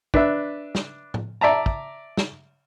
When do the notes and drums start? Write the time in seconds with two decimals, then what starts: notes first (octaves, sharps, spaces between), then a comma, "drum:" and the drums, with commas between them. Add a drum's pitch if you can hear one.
0.14 D4 B4 E5, drum: kick
0.75 drum: snare
1.14 drum: tom A2
1.41 D5 E5 A5 A#5
1.66 drum: kick
2.17 drum: snare